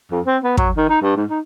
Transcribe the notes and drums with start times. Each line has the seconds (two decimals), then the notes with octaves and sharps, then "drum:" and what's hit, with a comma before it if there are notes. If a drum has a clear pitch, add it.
0.11 F2
0.26 C4
0.44 B3
0.57 F#3, drum: kick
0.77 D#3
0.89 D#4
1.02 G2
1.16 G#2
1.30 D#4